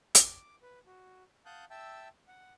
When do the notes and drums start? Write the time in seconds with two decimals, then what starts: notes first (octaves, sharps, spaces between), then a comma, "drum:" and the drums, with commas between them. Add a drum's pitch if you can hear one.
0.15 drum: hi-hat
0.25 D6
0.63 B4
0.86 F#4
1.46 F5 F#5 A5 D#6 F#6 G6
1.70 E5 G5 A5 E6
2.28 F#5